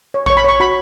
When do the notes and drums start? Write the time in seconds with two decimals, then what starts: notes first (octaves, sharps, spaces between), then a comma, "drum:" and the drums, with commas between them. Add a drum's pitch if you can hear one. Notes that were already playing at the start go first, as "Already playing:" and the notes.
0.14 C#5
0.26 C#6, drum: kick A#1
0.30 C#5
0.37 B5
0.44 C#5 C#6
0.60 F#4 B5